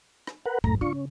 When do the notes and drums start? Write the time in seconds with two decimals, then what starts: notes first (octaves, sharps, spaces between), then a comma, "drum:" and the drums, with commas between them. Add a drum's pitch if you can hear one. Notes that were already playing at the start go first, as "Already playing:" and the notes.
0.27 drum: rim click
0.46 A#4 B4 F#5
0.64 G#1 F#2 A2 A3 A#5, drum: kick
0.81 C#3 D4 F4 C#6
0.93 C#4